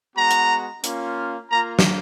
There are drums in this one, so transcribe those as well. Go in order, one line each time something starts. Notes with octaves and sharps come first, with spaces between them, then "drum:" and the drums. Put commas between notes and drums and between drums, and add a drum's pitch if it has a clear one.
G#3 B3 F#4 A#5
drum: hi-hat
A#3 C#4 F4, drum: hi-hat
A#3 F4 A#5
drum: snare